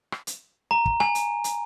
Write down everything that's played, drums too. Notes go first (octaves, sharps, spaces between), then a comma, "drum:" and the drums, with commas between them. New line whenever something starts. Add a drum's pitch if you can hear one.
drum: rim click
drum: hi-hat
A#5
drum: kick
G#5, drum: rim click
drum: hi-hat
drum: hi-hat